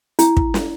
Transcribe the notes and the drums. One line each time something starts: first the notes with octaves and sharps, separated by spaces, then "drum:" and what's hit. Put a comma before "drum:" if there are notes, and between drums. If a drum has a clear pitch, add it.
E4, drum: hi-hat
drum: kick
drum: snare